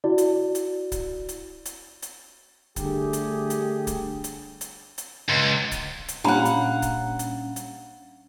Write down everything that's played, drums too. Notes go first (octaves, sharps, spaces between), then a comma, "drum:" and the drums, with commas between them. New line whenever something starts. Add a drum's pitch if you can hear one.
E4 F#4 D5
drum: hi-hat
drum: hi-hat
drum: kick C#1, hi-hat
drum: hi-hat
drum: hi-hat
drum: hi-hat
D3 G3 A3 G4 G#4, drum: kick C#1, hi-hat
drum: hi-hat
drum: hi-hat
drum: kick C#1, hi-hat
drum: hi-hat
drum: hi-hat
drum: hi-hat
C#2
drum: kick C#1, hi-hat
drum: hi-hat
A#2 G3 C#4 D4 F5 F#5 A#5 B5
drum: hi-hat
drum: kick C#1, hi-hat
drum: hi-hat
drum: hi-hat